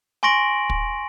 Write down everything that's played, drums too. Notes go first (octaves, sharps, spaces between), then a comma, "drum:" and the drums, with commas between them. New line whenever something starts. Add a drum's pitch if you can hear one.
G#5 C6 C#6 A#6 D7 F#7
drum: kick